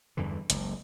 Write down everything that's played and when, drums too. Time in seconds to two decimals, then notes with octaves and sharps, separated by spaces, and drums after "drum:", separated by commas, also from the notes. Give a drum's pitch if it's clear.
0.17 E2 G2 D3 E3
0.50 F#1 C#2, drum: hi-hat